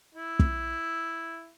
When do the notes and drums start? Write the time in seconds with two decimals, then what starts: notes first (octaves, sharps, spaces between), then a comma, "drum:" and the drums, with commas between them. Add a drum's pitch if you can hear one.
0.15 E4
0.39 drum: kick